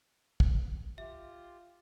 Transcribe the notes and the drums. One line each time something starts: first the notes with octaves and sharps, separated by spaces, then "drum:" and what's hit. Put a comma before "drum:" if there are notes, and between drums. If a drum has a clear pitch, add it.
drum: kick
F4 G4 E5